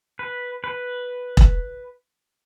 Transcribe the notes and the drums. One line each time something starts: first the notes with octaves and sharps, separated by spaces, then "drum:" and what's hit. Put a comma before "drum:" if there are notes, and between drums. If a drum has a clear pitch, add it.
B4
B4
drum: kick E1